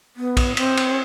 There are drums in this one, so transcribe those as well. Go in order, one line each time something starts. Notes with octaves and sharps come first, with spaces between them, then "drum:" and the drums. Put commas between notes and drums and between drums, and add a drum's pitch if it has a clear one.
B3
drum: kick, cymbal
C4, drum: cymbal
drum: cymbal